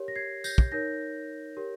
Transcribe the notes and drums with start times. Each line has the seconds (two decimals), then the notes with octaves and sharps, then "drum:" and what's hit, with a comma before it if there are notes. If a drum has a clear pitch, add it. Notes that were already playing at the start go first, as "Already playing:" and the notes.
Already playing: G4 A#4 C#5
0.08 A#6
0.16 G#6 C7
0.44 G6 A#6, drum: tambourine
0.58 drum: kick
0.72 D#4 A#4 C#5 G6 A#6
1.57 G4 A#4 C#5